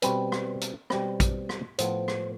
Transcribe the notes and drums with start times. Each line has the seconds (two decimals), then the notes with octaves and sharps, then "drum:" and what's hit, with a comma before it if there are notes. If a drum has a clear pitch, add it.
0.02 B2 G3 C4 B4, drum: hi-hat
0.32 drum: rim click
0.61 drum: hi-hat
0.90 B2 G3 C4, drum: rim click
1.20 drum: kick, hi-hat
1.49 drum: rim click
1.78 A2 F3 B3 C5, drum: hi-hat
2.08 drum: rim click